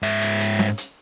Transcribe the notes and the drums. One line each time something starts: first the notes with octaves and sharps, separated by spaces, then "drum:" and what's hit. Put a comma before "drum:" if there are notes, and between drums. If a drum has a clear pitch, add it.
G#2 E5, drum: hi-hat
drum: hi-hat
drum: hi-hat
drum: snare
drum: hi-hat